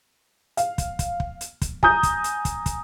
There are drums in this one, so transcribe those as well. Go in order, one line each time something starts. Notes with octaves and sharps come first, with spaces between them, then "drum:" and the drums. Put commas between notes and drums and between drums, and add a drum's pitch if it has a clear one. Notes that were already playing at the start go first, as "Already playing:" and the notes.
F5, drum: hi-hat
drum: kick, hi-hat
drum: kick, hi-hat
drum: kick
drum: hi-hat
drum: kick, hi-hat
G#5 A#5 D#6 G6, drum: kick
drum: kick, hi-hat
drum: hi-hat
drum: kick, hi-hat
drum: kick, hi-hat